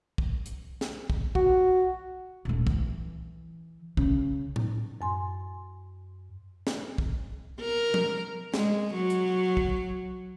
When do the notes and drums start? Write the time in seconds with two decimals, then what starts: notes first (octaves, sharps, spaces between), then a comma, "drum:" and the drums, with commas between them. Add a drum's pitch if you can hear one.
0.18 drum: kick
0.46 drum: hi-hat
0.81 drum: snare
1.10 drum: kick
1.35 F#4, drum: kick
2.45 D#1 A3
2.67 E3, drum: kick
3.97 C#3, drum: kick
4.56 drum: tom A2
5.01 F#2 G#5 C6
6.67 drum: snare
6.98 drum: kick
7.61 A#4
7.94 drum: tom F3
8.54 G#3, drum: snare
8.94 F#3
9.10 drum: hi-hat
9.57 drum: kick